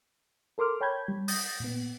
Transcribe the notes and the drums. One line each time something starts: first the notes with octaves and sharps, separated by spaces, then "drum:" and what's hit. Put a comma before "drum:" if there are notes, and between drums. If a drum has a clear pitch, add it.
A4 A#4 C6 D6 F6
C#5 G5 A5 B5 G6 G#6
G3
D#6 G6 A6 A#6, drum: open hi-hat
A#2 B3